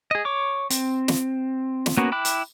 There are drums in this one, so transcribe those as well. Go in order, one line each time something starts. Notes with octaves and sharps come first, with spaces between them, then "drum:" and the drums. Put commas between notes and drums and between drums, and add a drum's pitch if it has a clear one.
G#4 D#5
C#5 C#6 D6
C4, drum: hi-hat
drum: snare
drum: snare
A#3 B3 C#4 F#4
E4 G5 B5 D6 F#6
drum: hi-hat